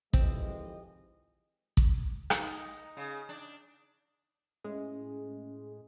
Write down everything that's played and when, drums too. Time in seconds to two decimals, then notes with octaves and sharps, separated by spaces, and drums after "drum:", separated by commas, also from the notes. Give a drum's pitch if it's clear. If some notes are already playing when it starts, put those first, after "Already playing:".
0.13 F2 D#3 E3 G#3 C4 E4 G4 D#5, drum: kick A1
1.77 drum: kick A1
2.30 D#4, drum: rim click
2.97 C#3
3.29 D4
4.64 A2 G#3 C#4 G#4